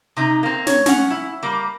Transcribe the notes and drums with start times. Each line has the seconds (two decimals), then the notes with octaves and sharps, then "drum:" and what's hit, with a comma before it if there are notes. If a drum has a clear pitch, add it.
0.17 C3 D#4
0.43 A#3 C4
0.67 C#5, drum: snare
0.86 C#4 F#5, drum: snare
1.10 E4
1.43 G3 A#3